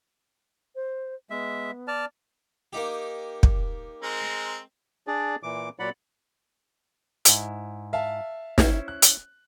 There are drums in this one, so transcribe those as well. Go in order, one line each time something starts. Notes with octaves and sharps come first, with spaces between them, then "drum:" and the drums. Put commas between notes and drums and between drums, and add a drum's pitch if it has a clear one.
C5
G#3 B3 E5
D5 A5 F6
A#3 D#4 G4
drum: kick
G#3 C4 A#4
D4 G#4 D5
A#2 E3 D6
A#2 F#3 D5 F#5 B5
G#2 E4, drum: hi-hat
E5 F5 A5
C#4 E4 C5, drum: snare
F#6
drum: hi-hat